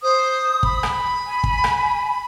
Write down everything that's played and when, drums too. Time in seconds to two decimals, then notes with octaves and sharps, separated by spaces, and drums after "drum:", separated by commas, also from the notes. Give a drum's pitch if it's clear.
0.02 C5 D#6
0.63 B5, drum: kick
0.83 drum: rim click
1.27 G#5
1.44 drum: kick
1.64 drum: rim click